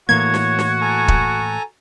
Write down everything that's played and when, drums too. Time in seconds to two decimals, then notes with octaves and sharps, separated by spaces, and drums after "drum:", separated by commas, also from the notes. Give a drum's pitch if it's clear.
0.09 A2 E3 A#3 F#4 C#5 G#6
0.34 drum: snare
0.59 drum: snare
0.81 A4 G#5 A#5
1.08 drum: kick